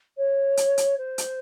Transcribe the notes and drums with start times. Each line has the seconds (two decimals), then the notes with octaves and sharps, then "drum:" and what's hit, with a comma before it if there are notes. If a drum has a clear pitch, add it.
0.17 C#5
0.57 drum: hi-hat
0.78 drum: hi-hat
0.97 C5
1.18 drum: hi-hat